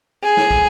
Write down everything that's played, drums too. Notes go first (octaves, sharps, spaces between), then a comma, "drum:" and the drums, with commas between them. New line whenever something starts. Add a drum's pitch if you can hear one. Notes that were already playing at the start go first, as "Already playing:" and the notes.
G#4
drum: snare
drum: kick